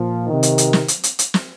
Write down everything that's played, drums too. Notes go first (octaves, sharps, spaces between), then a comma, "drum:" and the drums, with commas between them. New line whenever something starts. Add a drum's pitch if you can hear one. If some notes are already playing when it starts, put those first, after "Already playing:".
Already playing: A#2 F3
D#3
C3
drum: hi-hat
drum: hi-hat
drum: snare
drum: hi-hat
drum: hi-hat
drum: hi-hat
drum: snare